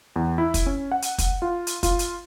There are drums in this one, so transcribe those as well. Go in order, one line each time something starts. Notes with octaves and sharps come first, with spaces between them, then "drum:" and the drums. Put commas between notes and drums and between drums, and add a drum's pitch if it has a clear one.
E2
E4
drum: kick, hi-hat
C#4
F#5
drum: hi-hat
drum: kick, hi-hat
F4
drum: hi-hat
F4, drum: kick, hi-hat
drum: hi-hat